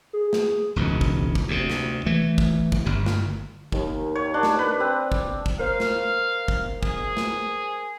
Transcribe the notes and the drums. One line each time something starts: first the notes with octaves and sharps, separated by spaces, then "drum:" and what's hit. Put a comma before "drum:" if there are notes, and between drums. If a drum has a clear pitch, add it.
G#4
drum: snare
E1 C#2 G#2 B2
drum: kick
drum: kick
D2 C3
drum: snare
E3 A3
drum: kick
drum: kick
G1 G2
drum: snare
D#2, drum: kick
C#5
D4
drum: snare
B4
C4
drum: kick
drum: kick
A#4 C5 F5
drum: snare
drum: kick
G#4, drum: kick
drum: snare